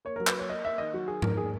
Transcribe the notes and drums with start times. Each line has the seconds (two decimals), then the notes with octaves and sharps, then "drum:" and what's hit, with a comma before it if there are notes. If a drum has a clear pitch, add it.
0.05 A#3 C#5
0.16 F#3 A#4
0.27 B4, drum: clap
0.34 A#3 C#5
0.49 A#3 D#5
0.64 A#3 E5
0.78 D#3 D#5
0.94 F#3 F#4
1.08 D#3 G#4
1.22 D#3 A#4, drum: tom G#2
1.37 A#3 G#4